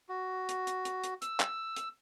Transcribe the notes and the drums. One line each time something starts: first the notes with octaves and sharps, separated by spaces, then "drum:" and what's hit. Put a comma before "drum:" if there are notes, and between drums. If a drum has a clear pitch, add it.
F#4
drum: hi-hat
drum: hi-hat
drum: hi-hat
drum: hi-hat
E6, drum: hi-hat
drum: clap
drum: hi-hat